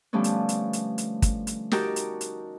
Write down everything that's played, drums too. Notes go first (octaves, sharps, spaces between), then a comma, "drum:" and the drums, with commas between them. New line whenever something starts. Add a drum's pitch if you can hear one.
D3 F3 G3 A3 B3 C#4
drum: hi-hat
drum: hi-hat
drum: hi-hat
drum: hi-hat
drum: kick, hi-hat
drum: hi-hat
D#4 F#4 G4 A#4 G5 A5, drum: snare
drum: hi-hat
drum: hi-hat